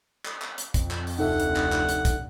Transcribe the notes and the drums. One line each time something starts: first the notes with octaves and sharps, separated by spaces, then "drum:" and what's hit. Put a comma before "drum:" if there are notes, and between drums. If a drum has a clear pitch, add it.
drum: clap
drum: clap
drum: hi-hat
F2, drum: kick, hi-hat
drum: clap
drum: open hi-hat
F1 D2 D#4 A4 E5 F#5
drum: hi-hat
drum: clap
drum: clap
drum: hi-hat
drum: kick, hi-hat